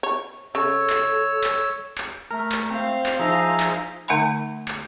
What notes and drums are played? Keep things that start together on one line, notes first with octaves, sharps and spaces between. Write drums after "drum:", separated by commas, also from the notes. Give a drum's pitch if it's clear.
C#5
C#3 A4 C#5 E6
drum: clap
drum: clap
drum: clap
A3 A#4
drum: clap
C4 C5 F5
drum: clap
F3 D#4 G#4 E5 A#5
drum: clap
D3 A3 D#4 E5 G#5 B5
drum: clap